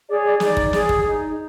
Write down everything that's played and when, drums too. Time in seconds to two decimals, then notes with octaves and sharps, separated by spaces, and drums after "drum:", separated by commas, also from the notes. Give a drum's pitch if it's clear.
0.08 G#4 C#5 D5
0.24 D5
0.40 D#4 D5, drum: snare
0.57 drum: kick
0.73 G#4 C#5, drum: snare
0.89 drum: kick
1.05 D#4